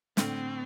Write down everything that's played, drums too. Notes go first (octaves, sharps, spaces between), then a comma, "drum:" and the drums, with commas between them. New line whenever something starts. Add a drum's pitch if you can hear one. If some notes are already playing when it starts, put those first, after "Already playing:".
A2 D3 C4, drum: snare